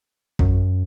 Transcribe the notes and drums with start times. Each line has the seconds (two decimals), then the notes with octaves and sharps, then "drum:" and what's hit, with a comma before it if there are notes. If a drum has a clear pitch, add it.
0.39 F#2, drum: kick